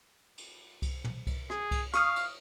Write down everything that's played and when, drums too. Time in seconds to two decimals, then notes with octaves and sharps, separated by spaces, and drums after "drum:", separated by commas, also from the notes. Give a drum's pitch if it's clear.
0.38 drum: cymbal
0.82 drum: kick C2, cymbal
1.05 drum: tom
1.27 drum: kick C2, cymbal
1.50 G#4, drum: rim click
1.71 drum: kick C2, cymbal
1.94 F5 C#6 D#6 F6, drum: rim click
2.16 drum: cymbal